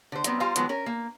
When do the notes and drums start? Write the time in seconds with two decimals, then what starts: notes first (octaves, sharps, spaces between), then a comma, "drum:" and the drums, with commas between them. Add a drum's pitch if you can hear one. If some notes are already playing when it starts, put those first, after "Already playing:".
0.12 D3 C5
0.24 F#3 G3 B3 C4, drum: hi-hat
0.40 G3 F4 C5 F5 A#5
0.56 D#3 F3 F#3 G#3 B3, drum: hi-hat
0.69 C#4 A#4
0.86 A#3